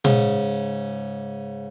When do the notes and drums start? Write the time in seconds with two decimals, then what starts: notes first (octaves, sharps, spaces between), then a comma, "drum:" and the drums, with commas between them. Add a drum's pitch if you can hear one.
0.05 G#2 C#3, drum: tom A#2